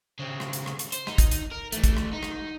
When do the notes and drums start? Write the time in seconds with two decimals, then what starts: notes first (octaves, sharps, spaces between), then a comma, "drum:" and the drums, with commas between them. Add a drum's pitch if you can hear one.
0.19 C#3 C4
0.40 drum: rim click
0.53 drum: hi-hat
0.66 drum: rim click
0.79 drum: hi-hat
0.92 C5, drum: hi-hat
1.07 D#4, drum: rim click
1.18 drum: kick, hi-hat
1.31 drum: hi-hat
1.51 A#4
1.72 E3 A3, drum: hi-hat
1.84 drum: kick, hi-hat
1.97 drum: rim click
2.13 D#4
2.23 drum: rim click